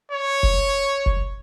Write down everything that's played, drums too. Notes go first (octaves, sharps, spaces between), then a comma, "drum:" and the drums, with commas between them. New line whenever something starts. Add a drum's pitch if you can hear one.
C#5
drum: kick F1
drum: kick F1